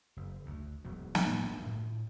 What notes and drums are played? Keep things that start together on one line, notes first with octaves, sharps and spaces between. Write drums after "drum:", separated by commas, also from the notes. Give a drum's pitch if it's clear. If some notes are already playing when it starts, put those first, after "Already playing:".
F#1
D2
E1 B2 F#3
drum: snare
A2
G#1 D4
A2